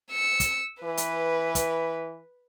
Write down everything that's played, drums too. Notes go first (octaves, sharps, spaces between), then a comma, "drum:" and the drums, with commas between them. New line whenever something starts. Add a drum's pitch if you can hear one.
E6 C#7
drum: kick, hi-hat
E3 B4
drum: hi-hat
drum: kick, hi-hat